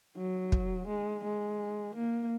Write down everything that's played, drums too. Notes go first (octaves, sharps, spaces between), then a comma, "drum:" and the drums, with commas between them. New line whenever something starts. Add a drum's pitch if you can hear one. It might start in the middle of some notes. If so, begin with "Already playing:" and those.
F#3
drum: kick
G#3
G#3
A#3